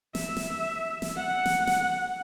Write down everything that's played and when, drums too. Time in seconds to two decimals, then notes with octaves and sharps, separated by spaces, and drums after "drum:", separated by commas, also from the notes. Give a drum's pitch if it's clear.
0.15 E5, drum: snare
0.37 drum: snare
1.02 drum: snare
1.16 F#5
1.46 drum: snare
1.67 drum: snare